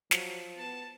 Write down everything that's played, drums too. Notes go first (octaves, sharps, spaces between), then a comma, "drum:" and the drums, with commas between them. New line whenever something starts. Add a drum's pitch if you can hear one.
F3 F#3, drum: snare
B3 A5